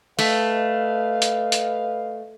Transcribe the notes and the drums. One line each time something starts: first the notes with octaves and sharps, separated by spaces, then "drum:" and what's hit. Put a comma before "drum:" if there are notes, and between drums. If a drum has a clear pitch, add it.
A3 B4 D#5 F5, drum: open hi-hat
drum: hi-hat
drum: hi-hat